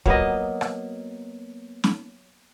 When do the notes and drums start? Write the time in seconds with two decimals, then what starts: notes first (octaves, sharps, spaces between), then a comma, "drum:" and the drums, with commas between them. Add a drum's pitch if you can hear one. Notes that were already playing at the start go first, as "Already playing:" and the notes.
0.06 F#3 A#3 B3 D#5, drum: kick
0.61 drum: rim click
1.84 drum: snare